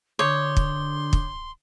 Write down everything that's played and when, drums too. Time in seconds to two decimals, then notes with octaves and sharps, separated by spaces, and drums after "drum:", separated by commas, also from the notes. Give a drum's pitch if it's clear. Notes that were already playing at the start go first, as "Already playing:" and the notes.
0.19 D3 C#5 C6 D6 D#6 G6
0.57 drum: kick
1.13 drum: kick